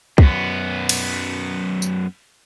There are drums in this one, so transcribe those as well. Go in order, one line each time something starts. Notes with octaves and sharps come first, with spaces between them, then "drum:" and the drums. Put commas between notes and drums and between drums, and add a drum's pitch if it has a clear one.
F#2 B3, drum: kick
drum: cymbal
drum: tambourine